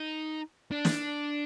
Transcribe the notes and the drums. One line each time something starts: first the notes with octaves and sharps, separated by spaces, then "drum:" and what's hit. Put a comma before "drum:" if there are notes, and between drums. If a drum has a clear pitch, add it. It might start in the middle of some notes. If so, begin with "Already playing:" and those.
Already playing: D#4
D4
drum: snare